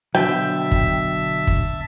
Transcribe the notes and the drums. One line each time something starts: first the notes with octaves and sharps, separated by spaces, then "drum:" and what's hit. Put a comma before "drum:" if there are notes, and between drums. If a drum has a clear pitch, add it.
B2 D3 F#3 E5 G5 A5
drum: kick G1
drum: kick G1